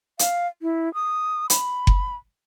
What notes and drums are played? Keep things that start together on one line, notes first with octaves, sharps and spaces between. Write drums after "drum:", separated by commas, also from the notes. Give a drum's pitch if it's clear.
F5, drum: hi-hat
E4
D#6
B5, drum: hi-hat
drum: kick F#1